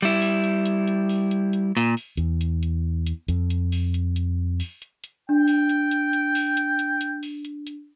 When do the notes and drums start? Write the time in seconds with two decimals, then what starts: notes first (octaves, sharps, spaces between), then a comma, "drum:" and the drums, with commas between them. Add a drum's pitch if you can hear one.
0.02 G3 E4
0.22 drum: open hi-hat
0.44 drum: hi-hat
0.66 drum: hi-hat
0.87 drum: hi-hat
1.09 drum: open hi-hat
1.31 drum: hi-hat
1.53 drum: hi-hat
1.77 A#2, drum: hi-hat
1.97 drum: open hi-hat
2.17 E2, drum: hi-hat
2.41 drum: hi-hat
2.63 drum: hi-hat
3.07 drum: hi-hat
3.28 F2, drum: hi-hat
3.50 drum: hi-hat
3.72 drum: open hi-hat
3.94 drum: hi-hat
4.16 drum: hi-hat
4.60 drum: open hi-hat
4.82 drum: hi-hat
5.04 drum: hi-hat
5.29 D4 G5
5.47 drum: open hi-hat
5.69 drum: hi-hat
5.91 drum: hi-hat
6.13 drum: hi-hat
6.35 drum: open hi-hat
6.57 drum: hi-hat
6.79 drum: hi-hat
7.01 drum: hi-hat
7.23 drum: open hi-hat
7.45 drum: hi-hat
7.67 drum: hi-hat